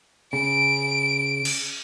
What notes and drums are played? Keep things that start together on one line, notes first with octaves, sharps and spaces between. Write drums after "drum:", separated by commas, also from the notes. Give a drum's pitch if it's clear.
C#3 D7
drum: cymbal